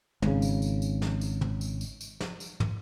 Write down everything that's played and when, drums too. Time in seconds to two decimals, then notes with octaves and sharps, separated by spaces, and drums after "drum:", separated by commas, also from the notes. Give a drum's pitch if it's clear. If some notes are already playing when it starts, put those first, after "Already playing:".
0.22 G#1 C#3, drum: tom
0.42 drum: tambourine
0.62 drum: tambourine
0.82 drum: tambourine
1.02 drum: snare
1.21 drum: tambourine
1.41 drum: tom
1.61 drum: tambourine
1.81 drum: tambourine
2.01 drum: tambourine
2.20 drum: snare
2.40 drum: tambourine
2.60 drum: tom